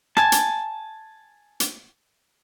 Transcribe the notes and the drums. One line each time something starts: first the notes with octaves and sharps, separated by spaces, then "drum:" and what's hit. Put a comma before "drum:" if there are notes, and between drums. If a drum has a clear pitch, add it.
G#5 A5, drum: rim click
drum: hi-hat
drum: hi-hat